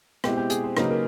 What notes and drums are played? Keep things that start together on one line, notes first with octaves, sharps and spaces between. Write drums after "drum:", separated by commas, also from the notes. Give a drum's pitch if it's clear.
B2 G#3 C4 E4 G4, drum: rim click
G4
G#4, drum: hi-hat
C5
C#3 F#3 A#3 D#4 B4, drum: rim click
A#4